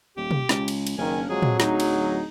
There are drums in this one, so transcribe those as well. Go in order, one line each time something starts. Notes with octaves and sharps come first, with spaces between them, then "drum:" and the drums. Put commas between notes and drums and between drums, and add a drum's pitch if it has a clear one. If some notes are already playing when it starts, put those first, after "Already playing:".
D#1 G4
drum: tom
C#2, drum: snare
drum: cymbal
drum: cymbal
F#1 D#3 A#3 C#4 D4 G#5
F2 D3 F#3 G#3 A#3 G#4
drum: tom
D1 D#4 G#4, drum: snare
drum: cymbal